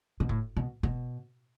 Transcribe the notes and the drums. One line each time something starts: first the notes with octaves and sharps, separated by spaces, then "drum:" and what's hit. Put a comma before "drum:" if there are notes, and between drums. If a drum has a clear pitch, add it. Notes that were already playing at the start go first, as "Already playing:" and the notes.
B2
A2, drum: kick F1
B2
B2, drum: kick F1